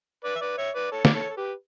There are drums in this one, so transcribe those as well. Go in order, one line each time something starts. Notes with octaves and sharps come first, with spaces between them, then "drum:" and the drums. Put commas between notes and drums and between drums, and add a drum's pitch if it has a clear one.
B4 D5
E5
B4 D5
C#5 E5
B4 D5
A4 C#5
D5, drum: snare
A4 C#5
A4
G4 B4